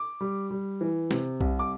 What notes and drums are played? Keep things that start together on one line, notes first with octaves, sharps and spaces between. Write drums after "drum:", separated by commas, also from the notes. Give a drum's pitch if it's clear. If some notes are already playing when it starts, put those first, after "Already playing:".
Already playing: D6
G3
G3
E3
C3, drum: snare
C2, drum: kick B1
D6